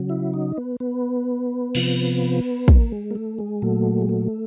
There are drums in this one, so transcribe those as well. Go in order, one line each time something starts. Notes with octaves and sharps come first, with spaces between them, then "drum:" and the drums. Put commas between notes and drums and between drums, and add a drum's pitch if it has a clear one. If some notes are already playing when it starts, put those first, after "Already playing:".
Already playing: C#3 F#3
E4
D#4
B3
B3
C3 F3, drum: cymbal
A#3, drum: kick
G#3
A#3
A3
G#3
A#2 F#3 A3
G#3
A3